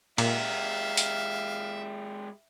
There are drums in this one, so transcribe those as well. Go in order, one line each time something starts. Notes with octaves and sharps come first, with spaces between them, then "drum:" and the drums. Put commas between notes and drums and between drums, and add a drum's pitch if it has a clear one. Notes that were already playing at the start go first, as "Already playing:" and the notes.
A#2 G#3 G4 E5 F5, drum: cymbal
drum: hi-hat